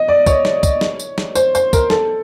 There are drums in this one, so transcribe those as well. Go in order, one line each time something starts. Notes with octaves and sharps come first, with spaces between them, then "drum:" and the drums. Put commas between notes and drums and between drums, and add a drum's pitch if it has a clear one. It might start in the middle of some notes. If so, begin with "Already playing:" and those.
Already playing: D#5
D5
C#5, drum: kick, tambourine
drum: snare
drum: kick, tambourine
drum: snare
drum: tambourine
drum: snare
C5, drum: tambourine
C5, drum: tambourine
A#4, drum: kick, tambourine
A4, drum: snare